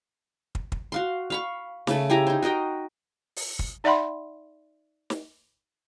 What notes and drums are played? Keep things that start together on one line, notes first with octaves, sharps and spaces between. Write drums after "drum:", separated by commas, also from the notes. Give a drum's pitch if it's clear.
drum: kick
drum: kick
F#4 F5 C6
F5 B5 C#6
C#3 A3, drum: snare
E4 G4 G#5 A#5
D#4 C5
F#4 A#4 D#5 G5
drum: open hi-hat
drum: kick
D#4 D5 E5 F#5 B5 C6
drum: snare